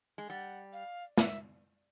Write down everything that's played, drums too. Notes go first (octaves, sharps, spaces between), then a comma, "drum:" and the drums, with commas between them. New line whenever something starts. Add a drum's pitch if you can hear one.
G#3
G3 F#5
F5
E5, drum: snare